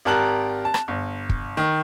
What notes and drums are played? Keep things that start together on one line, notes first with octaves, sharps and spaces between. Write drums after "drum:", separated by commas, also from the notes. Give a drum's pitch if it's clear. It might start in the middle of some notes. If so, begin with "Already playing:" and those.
G#1 G4 A#4 A5 F#6 F#7
A5
drum: rim click
G1
drum: kick
D#3